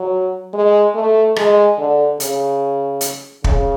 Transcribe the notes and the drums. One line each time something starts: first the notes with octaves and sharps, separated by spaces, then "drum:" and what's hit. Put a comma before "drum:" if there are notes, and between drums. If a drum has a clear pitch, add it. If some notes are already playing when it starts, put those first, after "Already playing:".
Already playing: F#3
G#3
A3
G#3, drum: rim click
D3
C#3, drum: hi-hat
drum: hi-hat
C#3, drum: kick